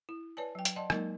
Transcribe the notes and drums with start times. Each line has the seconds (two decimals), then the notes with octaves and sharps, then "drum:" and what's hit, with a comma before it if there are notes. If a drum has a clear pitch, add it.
0.09 E4
0.37 B4 C#5 D5 G#5 A5
0.55 F#3 G5
0.65 drum: hi-hat
0.76 D5 D#5 F#5 A5 C6
0.90 F#3 G#3 A#3 D#4 A#4 D#5, drum: rim click